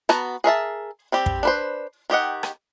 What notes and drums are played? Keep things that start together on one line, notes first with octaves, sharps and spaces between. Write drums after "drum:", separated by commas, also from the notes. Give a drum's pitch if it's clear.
B3 F#4 A5 A#5, drum: rim click
G#4 A#4 E5 A5
G3 C4 G4
drum: kick
D4 B4 C5
D#3 G4 D#5 F#5
drum: rim click